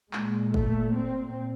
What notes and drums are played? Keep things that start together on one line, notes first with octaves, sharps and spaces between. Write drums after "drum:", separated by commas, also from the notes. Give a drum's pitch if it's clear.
A#2 G#3, drum: clap
A3, drum: kick
C4